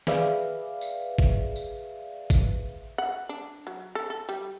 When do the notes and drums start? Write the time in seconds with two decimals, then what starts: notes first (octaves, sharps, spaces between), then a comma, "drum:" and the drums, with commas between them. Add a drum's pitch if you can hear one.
0.07 G#4 B4 D5 E5 F5, drum: snare
0.81 drum: tambourine
1.19 drum: kick G#1
1.56 drum: tambourine
2.30 drum: kick G#1, tambourine
2.98 F#5
3.29 D4
3.67 F#3
3.95 A4
4.10 A4
4.29 G3